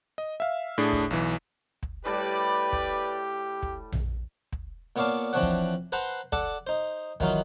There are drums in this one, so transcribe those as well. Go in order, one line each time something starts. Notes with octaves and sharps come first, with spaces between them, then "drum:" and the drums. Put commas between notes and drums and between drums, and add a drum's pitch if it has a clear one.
D#5
E5 F5
A2 D4 G#4
drum: kick
B1 E3
drum: kick
A2 G3 G4 B4 D5 A5
drum: kick
drum: kick
drum: tom A#1
drum: kick
A#2 B3 C#5 D5 F5 A5
E3 F3 C4 D4 C#5 F#5
drum: kick
B4 C5 F#5 A5 A#5 C6
A4 D5 F#5 A5, drum: kick
D#4 C5
D#3 E3 F#3 D#4 F4, drum: kick